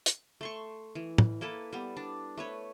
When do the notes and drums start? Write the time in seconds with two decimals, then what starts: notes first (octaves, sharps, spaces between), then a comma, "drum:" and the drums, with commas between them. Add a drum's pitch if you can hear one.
0.06 drum: hi-hat
0.41 A3 C6 C#6
0.95 E3
1.18 drum: tom
1.41 A#3 E4 A4 B4
1.73 G3 B3
1.97 D4
2.37 A3 B4 C#5